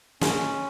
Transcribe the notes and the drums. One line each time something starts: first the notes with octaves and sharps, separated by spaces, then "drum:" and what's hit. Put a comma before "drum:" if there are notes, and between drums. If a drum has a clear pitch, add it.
G#3 C#4, drum: snare